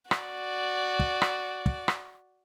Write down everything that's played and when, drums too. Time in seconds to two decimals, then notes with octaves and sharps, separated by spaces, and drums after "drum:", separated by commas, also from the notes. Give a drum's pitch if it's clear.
0.11 F#4 D5, drum: rim click
0.99 drum: kick
1.22 drum: rim click
1.66 drum: kick
1.88 drum: rim click